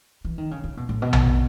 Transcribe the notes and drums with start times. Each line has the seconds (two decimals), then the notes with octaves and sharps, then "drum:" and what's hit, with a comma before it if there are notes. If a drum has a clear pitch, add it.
0.25 E3
0.38 D#3
0.51 C#3
0.64 C#3
0.77 B2
0.89 A2
1.02 B2
1.13 drum: tom